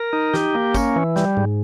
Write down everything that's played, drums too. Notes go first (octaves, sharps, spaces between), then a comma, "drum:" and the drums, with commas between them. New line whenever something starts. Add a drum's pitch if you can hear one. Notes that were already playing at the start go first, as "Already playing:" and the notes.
Already playing: A#4
D#4
G4, drum: snare
A#3
C#4, drum: kick, tambourine
E3
G3, drum: snare
G#2